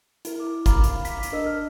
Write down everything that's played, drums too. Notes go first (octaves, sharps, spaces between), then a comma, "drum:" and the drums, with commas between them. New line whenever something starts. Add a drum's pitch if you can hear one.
E4 A#4, drum: hi-hat
D6
F5 A#5 B5 D6 F6, drum: kick G#1, hi-hat
drum: hi-hat
B6, drum: hi-hat
drum: hi-hat
D4 A#4 D#5 E6
F6